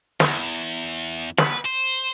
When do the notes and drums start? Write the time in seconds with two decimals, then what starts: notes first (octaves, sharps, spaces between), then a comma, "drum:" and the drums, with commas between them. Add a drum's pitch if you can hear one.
0.20 E2, drum: snare
1.38 B4, drum: snare
1.65 C5